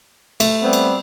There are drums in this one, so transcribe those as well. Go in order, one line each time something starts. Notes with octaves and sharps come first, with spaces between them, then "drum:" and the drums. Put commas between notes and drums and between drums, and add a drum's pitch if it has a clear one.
A3, drum: cymbal
G3 B3 C4
drum: cymbal